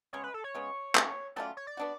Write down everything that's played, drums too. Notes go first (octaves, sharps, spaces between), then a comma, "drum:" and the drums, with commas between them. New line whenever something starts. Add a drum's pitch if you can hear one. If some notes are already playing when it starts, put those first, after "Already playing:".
C#3 G#3 B3 C#5
B4
A4
C#5
C#3 G#3 B3
F#3 A3 C#4 F4, drum: clap
F#3 A3 C#4 F4 D5
C#5
D5
B3 D4 F#4